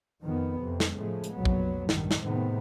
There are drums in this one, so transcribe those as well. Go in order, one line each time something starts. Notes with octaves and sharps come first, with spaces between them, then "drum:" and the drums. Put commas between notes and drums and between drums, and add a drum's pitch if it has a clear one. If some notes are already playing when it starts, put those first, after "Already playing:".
F2 D#3 B3
F2 C3
drum: snare
A2 C#3 F3 G#3 A3
drum: hi-hat
F1 B1 A#2 F#3 B3
drum: kick A#1
A#1 G2 D#3, drum: snare
drum: snare
A2 C3 D#3 G#3 B3